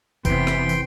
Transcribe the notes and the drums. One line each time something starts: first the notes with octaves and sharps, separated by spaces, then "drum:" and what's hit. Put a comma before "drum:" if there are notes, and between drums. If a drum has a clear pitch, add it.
F1 C3 E3 B3 G5 C6, drum: kick, tambourine
drum: rim click
drum: tambourine